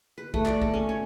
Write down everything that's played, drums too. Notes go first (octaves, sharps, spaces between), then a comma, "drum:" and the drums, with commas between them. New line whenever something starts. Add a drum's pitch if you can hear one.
B4
A3, drum: kick
D5, drum: clap
A4, drum: kick
C#4
C#5